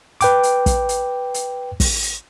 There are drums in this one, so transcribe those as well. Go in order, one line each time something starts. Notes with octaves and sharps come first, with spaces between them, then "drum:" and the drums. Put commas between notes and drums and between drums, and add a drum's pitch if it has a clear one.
B4 G5 D6, drum: hi-hat
drum: hi-hat
drum: kick, hi-hat
drum: hi-hat
drum: hi-hat
drum: kick, open hi-hat
drum: hi-hat